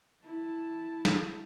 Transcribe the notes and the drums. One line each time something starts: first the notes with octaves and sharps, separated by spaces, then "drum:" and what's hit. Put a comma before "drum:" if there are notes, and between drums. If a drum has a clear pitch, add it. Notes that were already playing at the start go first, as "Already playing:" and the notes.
E4 A5
drum: snare